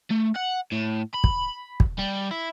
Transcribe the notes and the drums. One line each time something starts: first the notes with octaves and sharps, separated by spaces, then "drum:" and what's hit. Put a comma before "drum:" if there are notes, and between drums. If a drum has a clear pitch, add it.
A3
F#5
A2
B5
drum: kick
drum: kick
G3
E4